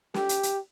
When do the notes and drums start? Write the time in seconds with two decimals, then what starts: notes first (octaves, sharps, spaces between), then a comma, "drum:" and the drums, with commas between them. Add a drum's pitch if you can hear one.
0.14 G4, drum: snare
0.29 drum: hi-hat
0.43 drum: hi-hat